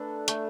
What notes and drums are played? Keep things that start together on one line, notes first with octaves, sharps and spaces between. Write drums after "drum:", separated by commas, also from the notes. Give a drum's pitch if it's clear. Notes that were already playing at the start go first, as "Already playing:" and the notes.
Already playing: A3 D4 A4 B4
A3, drum: hi-hat